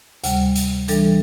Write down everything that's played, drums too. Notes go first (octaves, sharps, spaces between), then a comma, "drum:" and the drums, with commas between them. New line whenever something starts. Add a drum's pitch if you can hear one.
D2 C3 G3, drum: hi-hat
drum: hi-hat
E3 G3 D4 A4, drum: hi-hat